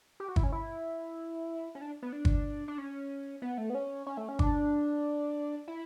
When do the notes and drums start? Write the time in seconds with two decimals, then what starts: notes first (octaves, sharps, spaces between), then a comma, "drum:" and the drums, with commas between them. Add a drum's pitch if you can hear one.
0.20 G4
0.28 F#4
0.36 E4, drum: kick
0.44 C#4
0.52 E4
1.75 C#4
1.81 D4
2.03 B3
2.13 D4
2.25 drum: kick
2.68 D4
2.78 C#4
3.42 B3
3.58 A3
3.70 B3
3.75 C#4
4.07 C#4
4.17 A3
4.29 C#4
4.39 D4, drum: kick
5.68 E4